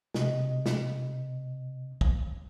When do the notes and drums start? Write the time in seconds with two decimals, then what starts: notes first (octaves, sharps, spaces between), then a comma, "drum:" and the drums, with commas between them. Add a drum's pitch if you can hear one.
0.14 C3 D#5, drum: snare
0.66 drum: snare
2.01 drum: kick